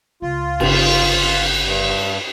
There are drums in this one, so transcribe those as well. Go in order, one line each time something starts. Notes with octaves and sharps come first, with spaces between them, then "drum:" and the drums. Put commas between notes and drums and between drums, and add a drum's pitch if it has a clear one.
C#2 F4
G1 C#3, drum: cymbal
G2